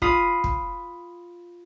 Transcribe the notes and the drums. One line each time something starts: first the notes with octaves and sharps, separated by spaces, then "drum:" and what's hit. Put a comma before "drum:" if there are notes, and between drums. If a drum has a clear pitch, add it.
F4 B5 D#6 C7, drum: kick
drum: kick